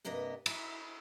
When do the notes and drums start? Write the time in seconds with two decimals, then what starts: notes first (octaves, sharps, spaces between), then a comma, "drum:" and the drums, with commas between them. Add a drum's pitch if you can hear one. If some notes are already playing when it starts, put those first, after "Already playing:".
0.05 G2 C3 A#3 B3 D#5
0.46 E4, drum: cymbal